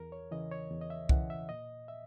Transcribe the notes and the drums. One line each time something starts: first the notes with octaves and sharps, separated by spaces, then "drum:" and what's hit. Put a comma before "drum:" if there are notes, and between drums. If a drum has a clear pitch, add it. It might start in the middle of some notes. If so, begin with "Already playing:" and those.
Already playing: E2 A#4
C#5
C#3 E3 D#5
C#5
E2
D#5
E5
C#3 E3 F#5, drum: kick C2
E5
A#2 D#5
E5